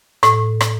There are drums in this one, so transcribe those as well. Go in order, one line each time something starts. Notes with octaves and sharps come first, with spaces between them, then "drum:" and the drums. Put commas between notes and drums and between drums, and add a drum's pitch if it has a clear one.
A2, drum: rim click
drum: rim click